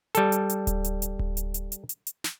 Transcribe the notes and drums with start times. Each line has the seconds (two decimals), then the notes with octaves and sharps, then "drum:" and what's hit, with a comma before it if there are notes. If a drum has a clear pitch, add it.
0.15 G3 A4, drum: hi-hat
0.32 drum: hi-hat
0.50 drum: hi-hat
0.67 drum: kick D1, hi-hat
0.84 drum: hi-hat
1.02 drum: hi-hat
1.19 drum: kick D1
1.37 drum: hi-hat
1.54 drum: hi-hat
1.72 drum: hi-hat
1.89 drum: hi-hat
2.07 drum: hi-hat
2.24 drum: snare